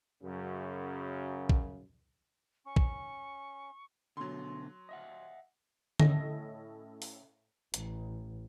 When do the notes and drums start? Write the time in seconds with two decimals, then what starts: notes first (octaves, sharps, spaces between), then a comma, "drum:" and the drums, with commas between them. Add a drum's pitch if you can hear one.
0.22 F#2 C#3
1.49 drum: kick
2.66 C#4 C#6
2.76 drum: kick
4.17 B2 D3 F#3 C6
4.89 D#5 E5 F#5
6.00 A2 C#4 A4 D#5 A#6, drum: tom D3
7.02 drum: open hi-hat
7.74 A1, drum: hi-hat